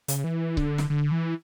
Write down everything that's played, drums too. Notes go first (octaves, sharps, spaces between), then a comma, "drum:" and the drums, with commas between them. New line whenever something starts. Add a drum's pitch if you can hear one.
C#3, drum: hi-hat
E3
D3, drum: kick C#1
drum: snare
D3
E3